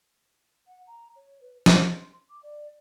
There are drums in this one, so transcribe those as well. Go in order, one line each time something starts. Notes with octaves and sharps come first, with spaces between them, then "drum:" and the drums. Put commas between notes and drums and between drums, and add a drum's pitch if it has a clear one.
F#5
A#5
C#5
B4
A5, drum: snare
C6
D6
D5